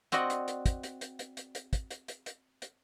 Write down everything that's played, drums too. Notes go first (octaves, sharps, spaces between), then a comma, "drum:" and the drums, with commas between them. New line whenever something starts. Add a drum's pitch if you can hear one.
C4 F#4 D5 D#5 F#5, drum: hi-hat
drum: hi-hat
drum: hi-hat
drum: kick, hi-hat
drum: hi-hat
drum: hi-hat
drum: hi-hat
drum: hi-hat
drum: hi-hat
drum: kick, hi-hat
drum: hi-hat
drum: hi-hat
drum: hi-hat
drum: hi-hat